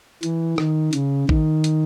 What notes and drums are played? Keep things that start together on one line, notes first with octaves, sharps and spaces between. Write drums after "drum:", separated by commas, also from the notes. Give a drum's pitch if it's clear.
E3, drum: hi-hat
D#3, drum: rim click
C#3, drum: hi-hat
D#3, drum: kick A1
drum: hi-hat